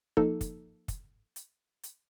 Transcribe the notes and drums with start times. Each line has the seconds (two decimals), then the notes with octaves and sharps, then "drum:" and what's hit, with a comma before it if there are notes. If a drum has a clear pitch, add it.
0.17 F3 A#3 D#4 A4, drum: kick
0.41 drum: kick, hi-hat
0.88 drum: kick, hi-hat
1.36 drum: hi-hat
1.83 drum: hi-hat